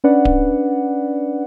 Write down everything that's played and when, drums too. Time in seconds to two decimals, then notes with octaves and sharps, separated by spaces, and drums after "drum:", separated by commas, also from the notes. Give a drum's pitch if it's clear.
0.04 C#4 D4 B4 D5 F#5
0.25 drum: kick D1